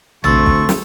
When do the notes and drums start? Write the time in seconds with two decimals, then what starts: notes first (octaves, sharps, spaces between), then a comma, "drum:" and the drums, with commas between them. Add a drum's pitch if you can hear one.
0.24 D2 A3 C4 C6 C#6 E6 A6, drum: tom A#1
0.46 drum: kick
0.69 drum: snare